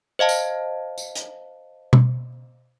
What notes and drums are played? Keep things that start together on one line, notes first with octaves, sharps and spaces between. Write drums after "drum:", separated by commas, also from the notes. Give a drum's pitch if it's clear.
C5 D#5 F5 A5
drum: tambourine
drum: tambourine
drum: hi-hat
drum: tom B2